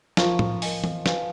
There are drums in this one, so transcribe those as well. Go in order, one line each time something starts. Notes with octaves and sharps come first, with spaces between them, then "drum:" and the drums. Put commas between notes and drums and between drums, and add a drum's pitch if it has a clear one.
F3 A#4 F5 A#5 C#6, drum: snare
drum: tom A2
A#4 D#5 G#5, drum: open hi-hat
drum: tom E3
B4 F5 G#5, drum: snare